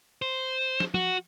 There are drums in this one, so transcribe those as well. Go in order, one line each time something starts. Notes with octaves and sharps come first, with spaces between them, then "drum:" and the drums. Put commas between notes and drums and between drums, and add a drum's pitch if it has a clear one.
C5
drum: snare
F#4, drum: tom F3